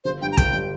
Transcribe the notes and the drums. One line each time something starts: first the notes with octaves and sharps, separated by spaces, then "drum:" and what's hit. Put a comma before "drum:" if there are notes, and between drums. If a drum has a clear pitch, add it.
G1 C5
G2 G3 G5
A#5
G1 G5, drum: kick, hi-hat
G3